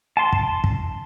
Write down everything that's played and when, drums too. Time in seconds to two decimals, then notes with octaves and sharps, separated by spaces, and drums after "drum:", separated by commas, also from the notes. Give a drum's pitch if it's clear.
0.17 A5 C6
0.32 drum: kick
0.64 drum: kick